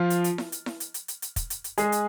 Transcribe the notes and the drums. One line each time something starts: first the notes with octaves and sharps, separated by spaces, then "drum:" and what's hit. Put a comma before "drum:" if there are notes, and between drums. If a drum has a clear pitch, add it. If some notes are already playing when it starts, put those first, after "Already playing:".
Already playing: F3 F4
drum: hi-hat
drum: hi-hat
drum: snare E4
drum: hi-hat
drum: snare E4
drum: hi-hat
drum: hi-hat
drum: hi-hat
drum: hi-hat
drum: kick, hi-hat
drum: hi-hat
drum: hi-hat
G#3 G#4, drum: hi-hat
drum: hi-hat